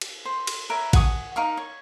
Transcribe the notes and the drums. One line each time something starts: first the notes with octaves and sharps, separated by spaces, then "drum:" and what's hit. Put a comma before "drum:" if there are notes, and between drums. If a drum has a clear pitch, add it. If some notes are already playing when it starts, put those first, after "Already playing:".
drum: cymbal
C5
drum: cymbal
A#4 B4 C#5 E5
F#5 G#5 C#6 D#6, drum: kick A1, cymbal
D#4 A#4 F5 C#6
C#5